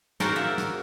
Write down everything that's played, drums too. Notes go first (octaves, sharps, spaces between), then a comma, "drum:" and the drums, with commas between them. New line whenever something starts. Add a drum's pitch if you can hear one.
D#4 F#4 G#4 A#4 C5 D5, drum: snare
A#3 E5
drum: snare